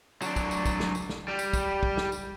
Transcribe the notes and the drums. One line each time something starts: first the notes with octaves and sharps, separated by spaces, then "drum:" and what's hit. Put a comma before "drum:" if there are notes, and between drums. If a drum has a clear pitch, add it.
F#3 D4, drum: tambourine
drum: kick, tambourine
drum: tambourine
drum: kick, tambourine
drum: snare
drum: tambourine
drum: snare
G3
drum: tambourine
drum: kick, tambourine
drum: kick
drum: snare
drum: tambourine